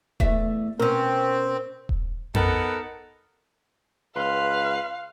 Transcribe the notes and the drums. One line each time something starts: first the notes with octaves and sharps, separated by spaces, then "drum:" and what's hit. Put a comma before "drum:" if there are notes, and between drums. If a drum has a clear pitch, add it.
E2 A3 E5, drum: kick D#1
B2 C4 C#4 A#4
drum: kick D#1
B3 D#4 A4 A#4 F#5, drum: tom F2
C#2 B4 F5 C6 F6